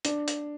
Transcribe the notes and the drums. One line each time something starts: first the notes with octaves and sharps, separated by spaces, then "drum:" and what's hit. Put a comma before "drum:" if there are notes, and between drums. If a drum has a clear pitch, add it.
D4, drum: hi-hat
drum: hi-hat